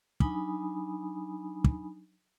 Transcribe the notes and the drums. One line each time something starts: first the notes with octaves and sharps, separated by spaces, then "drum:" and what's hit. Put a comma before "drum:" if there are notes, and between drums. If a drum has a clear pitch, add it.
F#3 D4 D#4 G#5 B5 D#6, drum: kick
drum: kick